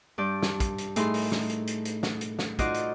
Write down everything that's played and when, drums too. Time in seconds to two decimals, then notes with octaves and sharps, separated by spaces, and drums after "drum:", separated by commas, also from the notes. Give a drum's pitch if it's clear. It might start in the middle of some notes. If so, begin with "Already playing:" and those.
0.18 G2 D5 G6
0.43 drum: snare
0.60 drum: kick, hi-hat
0.78 drum: hi-hat
0.96 A2 D#4 G#4 C6, drum: hi-hat
1.14 drum: open hi-hat
1.32 drum: snare
1.50 drum: hi-hat
1.67 drum: hi-hat
1.85 drum: hi-hat
2.03 drum: snare
2.21 drum: hi-hat
2.39 drum: snare
2.59 D#4 F4 F#4 C5 D5 D#5, drum: kick, hi-hat
2.74 drum: hi-hat